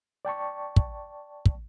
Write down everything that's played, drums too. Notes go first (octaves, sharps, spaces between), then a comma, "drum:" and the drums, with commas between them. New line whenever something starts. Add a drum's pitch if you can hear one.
D5 G5 A5 C#6
drum: kick
drum: kick